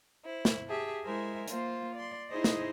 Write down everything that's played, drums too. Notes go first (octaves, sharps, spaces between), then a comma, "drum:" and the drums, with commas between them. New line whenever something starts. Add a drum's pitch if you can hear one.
E4 C5
drum: snare
G4 G#4 E5 A5
G#3 E4 A#4 C5 E5 G#5
A#3 F4 C5, drum: hi-hat
D5 C6
D#4 E4 G#4 C5 D#5
drum: snare